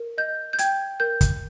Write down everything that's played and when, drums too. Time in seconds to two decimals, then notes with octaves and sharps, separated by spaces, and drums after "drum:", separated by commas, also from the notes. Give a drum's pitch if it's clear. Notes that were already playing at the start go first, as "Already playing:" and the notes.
Already playing: A#4
0.18 D#5 G6
0.53 G6
0.59 G5 G#6, drum: hi-hat
1.00 A#4 G6
1.21 drum: kick, hi-hat